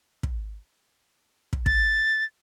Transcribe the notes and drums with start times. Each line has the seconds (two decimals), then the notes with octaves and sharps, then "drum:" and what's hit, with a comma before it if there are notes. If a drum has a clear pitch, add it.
0.23 drum: kick
1.53 drum: kick
1.66 A6, drum: kick